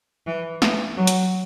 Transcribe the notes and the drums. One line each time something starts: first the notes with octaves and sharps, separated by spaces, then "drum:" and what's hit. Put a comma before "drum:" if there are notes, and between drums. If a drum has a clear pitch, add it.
E3
E3, drum: snare
F#3
drum: hi-hat